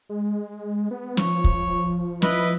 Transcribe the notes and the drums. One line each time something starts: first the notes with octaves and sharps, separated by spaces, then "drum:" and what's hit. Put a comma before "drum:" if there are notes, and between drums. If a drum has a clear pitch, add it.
G#3
B3
F3 C#5, drum: snare
drum: kick
E4 B4 D#5, drum: snare